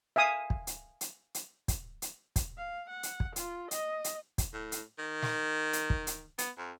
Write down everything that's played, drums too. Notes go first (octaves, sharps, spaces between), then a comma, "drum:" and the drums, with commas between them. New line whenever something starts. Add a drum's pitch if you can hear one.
E5 F5 G#5 D#6
drum: kick
drum: hi-hat
drum: hi-hat
drum: hi-hat
drum: kick, hi-hat
drum: hi-hat
drum: kick, hi-hat
F5
F#5
drum: hi-hat
drum: kick
F4, drum: hi-hat
D#5, drum: hi-hat
drum: hi-hat
drum: kick, hi-hat
A2
drum: hi-hat
D#3
drum: snare
drum: hi-hat
drum: kick
drum: hi-hat
B3, drum: hi-hat
F2